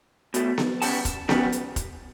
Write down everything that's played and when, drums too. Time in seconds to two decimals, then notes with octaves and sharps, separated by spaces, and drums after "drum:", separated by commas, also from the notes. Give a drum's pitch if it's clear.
0.34 B2 A3, drum: hi-hat
0.58 drum: snare B3
0.82 C#3 G3 B3 A5, drum: open hi-hat
1.05 drum: kick F1, hi-hat
1.29 F#2 C#3 G3 B3, drum: snare B3
1.52 drum: hi-hat
1.76 drum: kick F1, hi-hat